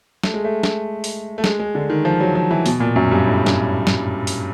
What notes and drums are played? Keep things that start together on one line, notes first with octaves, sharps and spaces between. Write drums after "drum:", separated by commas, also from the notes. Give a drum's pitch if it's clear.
A3, drum: snare
G#3
A3
drum: snare
drum: open hi-hat
A3
G#3, drum: snare
G#3
D3
D#3
F3
F#3
F3
E3
B2, drum: open hi-hat
A#2
F#2
G2
A2
drum: snare
drum: snare
drum: open hi-hat